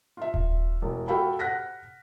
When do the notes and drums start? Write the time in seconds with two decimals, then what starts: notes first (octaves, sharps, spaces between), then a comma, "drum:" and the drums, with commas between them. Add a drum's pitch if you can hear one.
0.17 F4 E5
0.34 drum: kick D#1
0.82 E1
1.08 F#4 A4 F5 G5 B5
1.39 F#5 F#6 A#6 B6